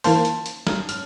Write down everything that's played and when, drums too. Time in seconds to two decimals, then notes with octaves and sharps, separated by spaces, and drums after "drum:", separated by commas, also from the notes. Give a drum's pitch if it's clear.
0.04 E3 A#3 F4 C5 A5, drum: open hi-hat
0.25 drum: hi-hat
0.46 drum: hi-hat
0.67 F6, drum: snare
0.89 F6, drum: hi-hat